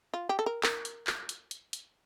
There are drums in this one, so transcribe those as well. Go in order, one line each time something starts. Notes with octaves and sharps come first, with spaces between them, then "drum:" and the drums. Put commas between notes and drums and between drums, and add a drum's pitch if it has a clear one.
F4
G4
A4
A#4
A#4, drum: clap
drum: hi-hat
drum: clap
drum: hi-hat
drum: hi-hat
drum: hi-hat